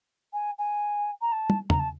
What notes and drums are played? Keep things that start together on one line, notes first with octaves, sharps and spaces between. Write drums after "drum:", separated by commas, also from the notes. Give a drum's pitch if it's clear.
G#5
G#5
A#5
A5
drum: tom
A#5, drum: tom
A5